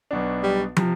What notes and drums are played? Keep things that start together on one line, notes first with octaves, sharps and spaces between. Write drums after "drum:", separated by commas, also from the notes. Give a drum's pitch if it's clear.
B1 B2 B3 D4
G3
C3 F3, drum: tom